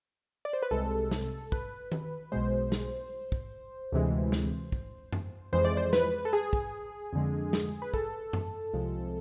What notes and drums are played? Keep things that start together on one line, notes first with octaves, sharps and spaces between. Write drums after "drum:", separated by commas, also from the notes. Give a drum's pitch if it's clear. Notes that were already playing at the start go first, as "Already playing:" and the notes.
D5
C5
B4
C2 C3 G#3 A4
drum: snare
B4, drum: kick
drum: tom
B1 B2 G#3 C5
drum: snare
drum: kick
D2 C3 E3 G#3
drum: snare
drum: kick
drum: tom F#2
F2 E3 G#3 C5
D5
C5
B4, drum: snare
A4
G#4
drum: kick
F2 D3 G#3
drum: snare
B4
A4, drum: kick
drum: tom F#2
C2 C3 F3 G#3